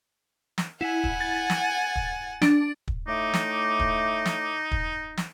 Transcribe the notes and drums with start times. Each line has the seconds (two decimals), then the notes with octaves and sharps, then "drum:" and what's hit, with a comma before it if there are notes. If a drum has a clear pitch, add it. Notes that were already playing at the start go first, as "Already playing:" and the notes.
0.58 drum: snare
0.81 E4 F#5 G#5
1.04 drum: kick
1.20 A6
1.50 drum: snare
1.96 drum: kick
2.42 D4, drum: snare
2.88 drum: kick
3.08 A2 A3 D#4 D6
3.34 drum: snare
3.80 drum: kick
4.26 drum: snare
4.71 drum: kick
5.17 drum: snare